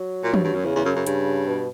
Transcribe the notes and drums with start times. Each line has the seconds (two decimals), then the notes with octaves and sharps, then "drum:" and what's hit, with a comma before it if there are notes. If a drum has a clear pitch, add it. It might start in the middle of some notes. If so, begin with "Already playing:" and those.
Already playing: F#3
0.24 A#2
0.34 G2, drum: tom
0.44 G2
0.54 F#2
0.65 E2 C#3
0.75 E2
0.85 F#2
0.95 F#2
1.07 G2, drum: hi-hat
1.47 B2